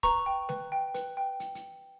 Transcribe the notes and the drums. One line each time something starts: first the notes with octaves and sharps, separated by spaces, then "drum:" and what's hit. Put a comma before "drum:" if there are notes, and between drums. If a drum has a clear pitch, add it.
B4 A#5 C#6, drum: kick, hi-hat
G5
B4, drum: snare G#3
G5
B4, drum: hi-hat
G5
drum: hi-hat
drum: hi-hat